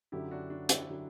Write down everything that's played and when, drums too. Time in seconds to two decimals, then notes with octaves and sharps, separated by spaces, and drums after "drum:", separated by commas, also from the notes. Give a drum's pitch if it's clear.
0.12 F#2 D3 F#3 E4 G4
0.31 D4 F#4
0.50 D4 F#4
0.69 E4 G4, drum: hi-hat
0.90 D3 F#3